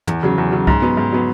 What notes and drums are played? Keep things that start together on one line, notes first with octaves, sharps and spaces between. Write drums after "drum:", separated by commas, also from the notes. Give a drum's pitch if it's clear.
E2, drum: tom
C#3 F#3
E2
C#3 F#3
G#2, drum: kick C2
F#3 B3
G#2
F#3 B3